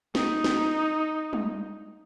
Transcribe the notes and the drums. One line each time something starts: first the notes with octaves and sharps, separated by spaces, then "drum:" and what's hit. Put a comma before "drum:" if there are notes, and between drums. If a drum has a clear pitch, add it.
D#4, drum: snare
drum: snare
drum: tom G3